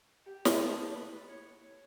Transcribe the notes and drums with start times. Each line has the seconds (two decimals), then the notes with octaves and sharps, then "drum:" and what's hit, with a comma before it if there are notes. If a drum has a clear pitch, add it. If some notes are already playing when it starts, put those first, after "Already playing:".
0.26 G4
0.45 drum: snare
0.60 A4
0.94 B4
1.28 C#5